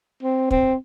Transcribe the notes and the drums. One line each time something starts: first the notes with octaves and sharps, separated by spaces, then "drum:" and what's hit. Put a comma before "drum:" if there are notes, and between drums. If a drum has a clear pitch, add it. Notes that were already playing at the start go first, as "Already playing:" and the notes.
C4
C4, drum: kick